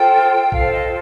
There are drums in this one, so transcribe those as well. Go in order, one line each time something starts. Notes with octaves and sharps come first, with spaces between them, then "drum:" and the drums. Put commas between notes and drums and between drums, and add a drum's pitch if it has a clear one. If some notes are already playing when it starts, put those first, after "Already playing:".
Already playing: F4 A4 C5 G5
F4 A4 C5 F5, drum: kick A#1
D#5